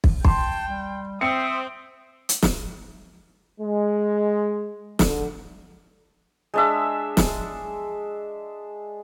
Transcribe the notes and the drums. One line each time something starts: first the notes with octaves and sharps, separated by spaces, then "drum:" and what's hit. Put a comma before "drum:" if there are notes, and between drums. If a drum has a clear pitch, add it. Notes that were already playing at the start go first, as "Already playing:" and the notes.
drum: kick
G5 A5 C6, drum: kick
G3
C4 E5 D#6 C#7
drum: hi-hat
drum: snare
G#3
D3, drum: snare
G#3 D4 E5
drum: snare